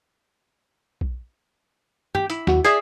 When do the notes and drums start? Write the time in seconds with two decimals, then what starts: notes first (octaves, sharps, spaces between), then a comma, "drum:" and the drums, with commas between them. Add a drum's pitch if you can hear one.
1.01 drum: kick B1
2.15 G4, drum: tom
2.30 E4, drum: hi-hat
2.47 D#2 F#4, drum: snare
2.64 G#4 D5 E5 C7, drum: hi-hat